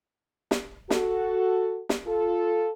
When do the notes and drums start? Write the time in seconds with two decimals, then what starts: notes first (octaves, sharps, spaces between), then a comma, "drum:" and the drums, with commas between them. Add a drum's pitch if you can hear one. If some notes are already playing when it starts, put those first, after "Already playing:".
0.51 drum: snare
0.90 F#4 A4, drum: snare
1.89 drum: snare
2.06 F4 A4